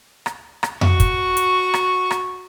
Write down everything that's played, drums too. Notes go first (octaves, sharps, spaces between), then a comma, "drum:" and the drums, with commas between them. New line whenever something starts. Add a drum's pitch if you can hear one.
drum: rim click
drum: rim click
F#4 C#6, drum: tom F2
drum: kick, hi-hat
drum: hi-hat
drum: rim click
drum: rim click